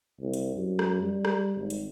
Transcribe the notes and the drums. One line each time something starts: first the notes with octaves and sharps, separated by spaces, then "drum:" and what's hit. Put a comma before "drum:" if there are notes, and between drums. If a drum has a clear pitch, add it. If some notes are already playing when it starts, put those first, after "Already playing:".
C2
drum: hi-hat
F#2
drum: rim click
G3
drum: rim click
G#1
drum: hi-hat